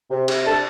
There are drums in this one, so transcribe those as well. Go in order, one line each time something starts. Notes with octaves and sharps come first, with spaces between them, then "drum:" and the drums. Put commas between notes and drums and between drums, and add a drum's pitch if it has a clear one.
C3
C3, drum: cymbal
D4 A5